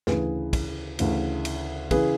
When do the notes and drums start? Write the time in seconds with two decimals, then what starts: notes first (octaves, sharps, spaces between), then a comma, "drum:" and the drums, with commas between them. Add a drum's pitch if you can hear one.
0.07 D2 C#3 E3 G#4 B4, drum: snare
0.53 drum: kick, cymbal
0.99 D2 C#3 E3, drum: cymbal
1.45 drum: cymbal
1.91 C#3 E3 G#4 B4, drum: kick, cymbal